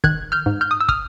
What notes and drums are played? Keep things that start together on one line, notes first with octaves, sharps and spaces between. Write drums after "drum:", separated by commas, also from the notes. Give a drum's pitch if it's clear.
D#3 F#6 G#6, drum: kick
F6 G6
G#2
F6 G6
D#6
E6
D#6 F6, drum: kick